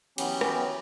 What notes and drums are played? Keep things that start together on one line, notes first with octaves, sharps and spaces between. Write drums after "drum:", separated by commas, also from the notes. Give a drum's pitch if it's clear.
E3 F#3 B3 C#4 G4, drum: cymbal
drum: rim click